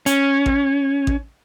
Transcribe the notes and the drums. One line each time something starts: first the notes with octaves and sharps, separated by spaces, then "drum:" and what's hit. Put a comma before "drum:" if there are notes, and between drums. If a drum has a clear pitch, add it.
C#4, drum: hi-hat
drum: kick A1
drum: kick A1